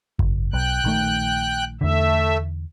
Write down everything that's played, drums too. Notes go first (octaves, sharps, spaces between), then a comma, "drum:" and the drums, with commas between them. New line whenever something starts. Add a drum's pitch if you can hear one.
F#1, drum: kick G#1
B1 G5 F#6
A#1 D#3 A3
E2 D3 A3 E5